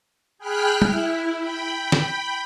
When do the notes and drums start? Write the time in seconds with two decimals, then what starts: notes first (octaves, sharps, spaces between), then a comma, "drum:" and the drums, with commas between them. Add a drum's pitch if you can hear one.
0.38 G#4 G5 B5 F6 F#6 B6
0.82 E4, drum: tom G3
1.39 G5 B5
1.92 drum: snare